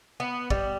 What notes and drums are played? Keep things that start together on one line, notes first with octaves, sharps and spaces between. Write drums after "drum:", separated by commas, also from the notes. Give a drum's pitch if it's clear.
B3
G3, drum: kick